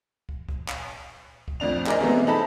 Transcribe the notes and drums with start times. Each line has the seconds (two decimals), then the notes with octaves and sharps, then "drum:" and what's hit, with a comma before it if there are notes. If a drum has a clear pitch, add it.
0.29 drum: kick
0.49 drum: kick
0.68 drum: clap
1.48 drum: kick
1.60 F2 A2 D4 F7
1.86 E4 G#4 A#4 C5 D5 D#5, drum: clap
2.01 B2 E3 G#3 A3 B3 C4
2.27 D#4 E4 A4 A5 B5